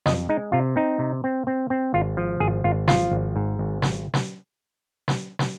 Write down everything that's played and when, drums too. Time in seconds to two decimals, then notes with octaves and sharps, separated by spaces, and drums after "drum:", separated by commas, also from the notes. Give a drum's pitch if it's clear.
0.06 F2 D#5, drum: snare
0.29 G#3 D#4
0.52 C3 F4
0.76 C4 D#4
0.99 C3
1.24 C4
1.47 C4
1.70 C4
1.94 G#1 F4
2.17 F3
2.40 G#1 G#4
2.64 G#1 F4
2.88 F3 F4, drum: snare
3.12 G#1
3.36 G#2
3.59 G#1
3.82 drum: snare
4.14 drum: snare
5.08 drum: snare
5.39 drum: snare